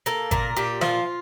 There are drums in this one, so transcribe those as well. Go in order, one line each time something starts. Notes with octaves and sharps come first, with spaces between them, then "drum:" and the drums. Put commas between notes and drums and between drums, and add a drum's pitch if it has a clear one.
A#3 A4, drum: hi-hat
A#2 A#4, drum: kick G#1, hi-hat
A#2 G4, drum: hi-hat
F3 F4, drum: snare